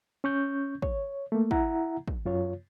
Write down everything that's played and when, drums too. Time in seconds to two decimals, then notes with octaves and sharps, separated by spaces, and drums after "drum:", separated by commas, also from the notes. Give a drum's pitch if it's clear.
0.24 C#4 C#6 G6
0.82 C#5, drum: kick
1.32 A3 A#3
1.51 E4 E5 F#5 A#5, drum: kick
2.08 drum: kick
2.25 F#2 F4 C#5